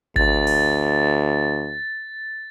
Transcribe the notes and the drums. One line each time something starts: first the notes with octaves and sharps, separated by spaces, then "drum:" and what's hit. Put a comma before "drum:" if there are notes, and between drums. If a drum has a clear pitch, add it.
D2 A6, drum: kick G#1
drum: cymbal